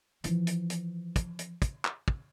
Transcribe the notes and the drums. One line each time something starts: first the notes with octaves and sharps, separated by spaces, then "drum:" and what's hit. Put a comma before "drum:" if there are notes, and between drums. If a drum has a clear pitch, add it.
E3 F3, drum: hi-hat
drum: hi-hat
drum: hi-hat
drum: kick, hi-hat
drum: hi-hat
drum: kick, hi-hat
drum: clap
drum: kick